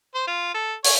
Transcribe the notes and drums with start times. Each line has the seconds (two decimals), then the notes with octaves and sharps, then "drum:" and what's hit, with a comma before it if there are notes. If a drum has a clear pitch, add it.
0.15 C5
0.27 F4
0.54 A4
0.84 C#5, drum: open hi-hat